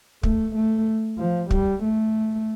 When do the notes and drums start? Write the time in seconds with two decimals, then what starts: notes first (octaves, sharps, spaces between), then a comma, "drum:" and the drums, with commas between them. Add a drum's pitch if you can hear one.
0.23 A3, drum: kick
0.55 A3
1.19 F3
1.51 G3, drum: kick
1.83 A3